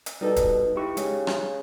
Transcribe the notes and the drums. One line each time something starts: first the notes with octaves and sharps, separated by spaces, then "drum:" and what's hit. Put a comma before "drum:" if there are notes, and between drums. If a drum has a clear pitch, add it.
drum: hi-hat
B2 G3 D#4 A4
drum: kick, hi-hat
D#4 E4 G4 C#6
C#3 G#3, drum: hi-hat
drum: rim click